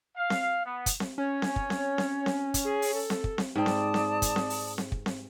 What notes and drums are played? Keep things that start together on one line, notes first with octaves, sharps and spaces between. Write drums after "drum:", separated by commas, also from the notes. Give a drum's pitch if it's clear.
F5
drum: snare C4
B3
drum: kick, hi-hat
drum: snare C4
C#4 C#5
drum: snare C4
drum: kick
drum: snare C4
drum: snare C4
drum: snare C4
drum: kick, hi-hat
G#4
drum: open hi-hat
A4
drum: snare C4
drum: kick
drum: snare C4
G#2 C4 D5 A5 D#6
drum: snare C4
drum: snare C4
drum: kick, hi-hat
drum: snare C4
drum: open hi-hat
drum: snare C4
drum: kick
drum: snare C4